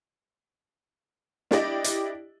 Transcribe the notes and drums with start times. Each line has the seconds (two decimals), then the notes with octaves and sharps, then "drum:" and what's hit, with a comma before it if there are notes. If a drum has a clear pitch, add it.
1.51 D4 E4 G4 D5 D#5, drum: snare
1.84 drum: hi-hat